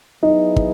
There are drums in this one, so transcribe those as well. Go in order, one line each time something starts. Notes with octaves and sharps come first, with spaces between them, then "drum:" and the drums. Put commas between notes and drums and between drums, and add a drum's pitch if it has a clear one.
F#3 B3 D#4 E4 G#4
drum: kick